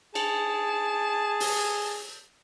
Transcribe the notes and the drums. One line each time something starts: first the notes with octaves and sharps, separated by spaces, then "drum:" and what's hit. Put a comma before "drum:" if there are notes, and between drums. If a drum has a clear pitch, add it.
G#4 A5, drum: cymbal
drum: open hi-hat